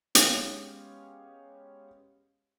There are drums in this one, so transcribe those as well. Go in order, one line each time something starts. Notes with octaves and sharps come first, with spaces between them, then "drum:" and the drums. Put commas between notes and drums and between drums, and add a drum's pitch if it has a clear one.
G#3 B3 C#4 G4 C#5 F5, drum: hi-hat